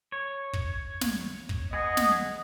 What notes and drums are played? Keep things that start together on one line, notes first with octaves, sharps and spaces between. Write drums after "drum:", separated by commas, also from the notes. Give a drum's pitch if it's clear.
C#5
drum: kick
drum: snare
drum: kick
B3 G#4 D#5
drum: snare